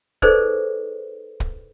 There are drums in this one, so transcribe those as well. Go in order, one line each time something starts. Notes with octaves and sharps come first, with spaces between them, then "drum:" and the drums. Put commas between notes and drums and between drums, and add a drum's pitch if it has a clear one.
D#4 G#4 A4 B4 C5 D5, drum: kick
drum: kick